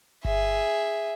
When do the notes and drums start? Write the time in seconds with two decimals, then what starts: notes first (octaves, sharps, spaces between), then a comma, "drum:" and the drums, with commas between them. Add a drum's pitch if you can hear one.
0.25 G#4 E5, drum: kick G1